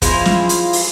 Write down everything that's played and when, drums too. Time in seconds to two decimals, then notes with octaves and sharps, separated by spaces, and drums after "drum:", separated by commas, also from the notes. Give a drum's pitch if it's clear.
0.02 F3 G#3 E4 F4, drum: kick, hi-hat
0.25 drum: snare
0.49 drum: hi-hat
0.73 drum: open hi-hat